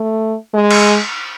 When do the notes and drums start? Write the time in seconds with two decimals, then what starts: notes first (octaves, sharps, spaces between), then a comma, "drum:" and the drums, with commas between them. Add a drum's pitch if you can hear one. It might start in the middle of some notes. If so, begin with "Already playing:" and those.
Already playing: A3
0.54 G#3
0.71 drum: cymbal